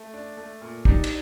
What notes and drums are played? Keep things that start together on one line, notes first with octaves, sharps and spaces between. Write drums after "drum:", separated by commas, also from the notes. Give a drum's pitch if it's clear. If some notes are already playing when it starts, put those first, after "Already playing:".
Already playing: A3
D4
A3
A#2
D4 D#4 G4, drum: kick
drum: cymbal